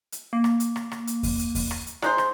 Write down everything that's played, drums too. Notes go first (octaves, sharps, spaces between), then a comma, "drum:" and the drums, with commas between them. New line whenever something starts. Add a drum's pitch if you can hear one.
drum: hi-hat
A#3
drum: rim click
drum: hi-hat
drum: rim click
drum: rim click
drum: hi-hat
drum: kick E2, open hi-hat
drum: hi-hat
drum: kick E2, open hi-hat
drum: rim click
drum: hi-hat
G#3 D#4 C5, drum: rim click
drum: rim click